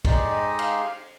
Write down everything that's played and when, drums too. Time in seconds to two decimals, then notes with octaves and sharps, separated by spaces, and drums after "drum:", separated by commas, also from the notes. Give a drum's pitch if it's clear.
0.05 G#3 D#4 G4 D5, drum: kick A#1, cymbal
0.31 D#5
0.59 F5, drum: cymbal